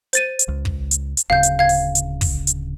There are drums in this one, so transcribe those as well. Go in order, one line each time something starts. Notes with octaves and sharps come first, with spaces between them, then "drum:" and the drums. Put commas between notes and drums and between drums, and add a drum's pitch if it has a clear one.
C5 A6 D#7, drum: hi-hat
drum: hi-hat
C#2
drum: kick
drum: hi-hat
drum: hi-hat
D1 C#3 F5 G6
drum: hi-hat
F5 G#6
drum: open hi-hat
drum: hi-hat
drum: kick, open hi-hat
drum: hi-hat